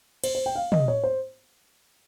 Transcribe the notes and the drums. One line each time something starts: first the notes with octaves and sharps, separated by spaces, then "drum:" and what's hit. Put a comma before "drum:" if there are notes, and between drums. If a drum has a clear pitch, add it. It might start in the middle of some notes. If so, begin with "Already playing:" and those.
C5, drum: cymbal
C5
G5
F5
D#5, drum: tom
C#5
C5